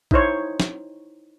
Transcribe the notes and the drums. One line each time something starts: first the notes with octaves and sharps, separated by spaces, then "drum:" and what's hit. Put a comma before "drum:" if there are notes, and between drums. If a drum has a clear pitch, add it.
D#4 E4 C5 C#5, drum: kick A#1
drum: snare